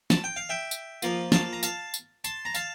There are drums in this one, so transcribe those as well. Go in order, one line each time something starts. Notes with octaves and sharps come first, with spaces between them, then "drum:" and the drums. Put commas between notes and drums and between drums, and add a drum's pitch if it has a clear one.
A5, drum: snare
G5
F5
E5 G5
drum: tambourine
F3 A#3 F4, drum: tambourine
F5 A5, drum: snare
A#5
F5 A5, drum: tambourine
drum: tambourine
A5 C6, drum: tambourine
A#5
F5 A5, drum: tambourine